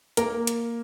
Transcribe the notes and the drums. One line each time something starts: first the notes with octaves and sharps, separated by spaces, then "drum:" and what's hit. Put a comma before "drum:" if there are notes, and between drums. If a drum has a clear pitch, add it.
A#3 A#4, drum: hi-hat
drum: hi-hat